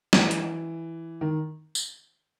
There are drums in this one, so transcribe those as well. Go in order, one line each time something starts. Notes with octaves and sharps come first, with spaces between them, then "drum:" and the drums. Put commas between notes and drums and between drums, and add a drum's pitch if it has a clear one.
E3, drum: snare
drum: hi-hat
D#3
drum: tambourine